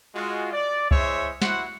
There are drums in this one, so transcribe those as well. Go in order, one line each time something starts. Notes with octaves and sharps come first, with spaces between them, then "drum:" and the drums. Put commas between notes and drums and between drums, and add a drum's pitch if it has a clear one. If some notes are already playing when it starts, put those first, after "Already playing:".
G#3 F4 F#4
D5
G#3 E4 G#4 C5 C#5 E5, drum: kick
E4 F#4 C5 F#5, drum: snare